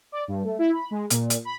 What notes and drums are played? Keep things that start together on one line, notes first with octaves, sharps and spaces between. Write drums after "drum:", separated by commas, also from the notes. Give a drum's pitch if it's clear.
D5
G2
A3
E4
B5
G#3
A#2, drum: hi-hat
drum: hi-hat
B5